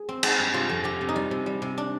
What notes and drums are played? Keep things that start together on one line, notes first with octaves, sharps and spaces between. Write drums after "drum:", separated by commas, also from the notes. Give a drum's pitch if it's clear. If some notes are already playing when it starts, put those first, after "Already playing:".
Already playing: G#4
C4
G#3, drum: cymbal
G2
C3 F4
F2
C3 G4
C3
D#4
G3 F4
C3
G3
C3
D4